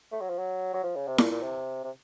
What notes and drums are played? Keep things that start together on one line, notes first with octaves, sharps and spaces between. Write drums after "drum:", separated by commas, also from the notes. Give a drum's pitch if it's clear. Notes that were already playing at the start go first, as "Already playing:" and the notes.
A3
F#3
F3
F#3
F#3
F3
C#3
C3
A#2, drum: snare E4
A#2
C3
C3